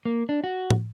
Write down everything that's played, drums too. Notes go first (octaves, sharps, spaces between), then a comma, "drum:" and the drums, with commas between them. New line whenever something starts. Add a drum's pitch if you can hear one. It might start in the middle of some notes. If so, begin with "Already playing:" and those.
A#3
D4
F#4
drum: tom